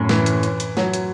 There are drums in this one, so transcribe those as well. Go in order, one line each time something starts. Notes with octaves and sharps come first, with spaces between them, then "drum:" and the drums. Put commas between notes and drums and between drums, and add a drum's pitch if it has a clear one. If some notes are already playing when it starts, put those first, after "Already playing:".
Already playing: F#2 A2
E3, drum: snare
drum: hi-hat
drum: hi-hat
drum: hi-hat
F#3, drum: snare
drum: hi-hat